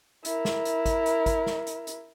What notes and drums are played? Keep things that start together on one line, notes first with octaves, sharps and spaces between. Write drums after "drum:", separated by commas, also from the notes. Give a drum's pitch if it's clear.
E4 A#4, drum: hi-hat
drum: snare
drum: hi-hat
drum: kick G#1, hi-hat
drum: hi-hat
drum: kick G#1, hi-hat
drum: snare
drum: hi-hat
drum: hi-hat